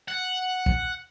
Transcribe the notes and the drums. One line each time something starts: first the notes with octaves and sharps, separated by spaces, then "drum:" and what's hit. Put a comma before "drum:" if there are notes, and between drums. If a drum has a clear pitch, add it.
F#5
drum: kick